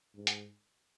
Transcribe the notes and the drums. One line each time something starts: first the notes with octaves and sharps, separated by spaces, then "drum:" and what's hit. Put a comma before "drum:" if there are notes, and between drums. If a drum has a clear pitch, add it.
G#2
drum: hi-hat